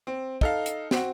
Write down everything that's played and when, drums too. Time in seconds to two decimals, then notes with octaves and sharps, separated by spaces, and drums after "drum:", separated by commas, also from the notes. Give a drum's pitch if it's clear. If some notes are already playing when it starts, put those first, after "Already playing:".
0.07 C4
0.41 D#4 A4 F5, drum: kick
0.66 drum: hi-hat
0.91 C4 F#4, drum: snare